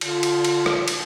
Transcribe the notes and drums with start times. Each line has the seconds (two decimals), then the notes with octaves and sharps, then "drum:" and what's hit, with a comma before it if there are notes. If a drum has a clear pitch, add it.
0.01 D3 F4, drum: cymbal
0.23 drum: cymbal
0.44 drum: cymbal
0.66 drum: rim click
0.88 drum: cymbal